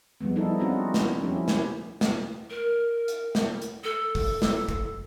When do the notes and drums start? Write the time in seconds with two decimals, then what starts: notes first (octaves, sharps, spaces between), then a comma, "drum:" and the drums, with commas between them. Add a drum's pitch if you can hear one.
0.21 F3 G3 G#3 B3
0.36 B3 D#4 E4 A4
0.59 C4 C#4 D#4 F4 F#4
0.94 drum: snare
1.21 F3 C#4 E4 G4
1.48 drum: snare
2.01 drum: snare
2.50 A#4
3.08 drum: hi-hat
3.35 drum: snare
3.62 drum: hi-hat
3.84 A4
4.15 drum: kick, open hi-hat
4.42 drum: snare
4.69 drum: kick, hi-hat